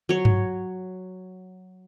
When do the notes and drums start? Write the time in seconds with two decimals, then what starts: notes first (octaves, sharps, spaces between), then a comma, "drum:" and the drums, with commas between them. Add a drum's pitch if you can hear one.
0.09 F#3 C#5
0.25 drum: tom G2